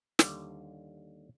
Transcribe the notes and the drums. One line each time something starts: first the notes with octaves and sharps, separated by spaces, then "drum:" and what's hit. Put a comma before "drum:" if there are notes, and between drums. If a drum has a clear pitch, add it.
D#2 D3 G3, drum: snare